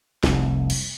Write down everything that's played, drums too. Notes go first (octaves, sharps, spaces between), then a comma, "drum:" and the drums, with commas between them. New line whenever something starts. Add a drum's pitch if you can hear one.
F1 C2, drum: snare
drum: cymbal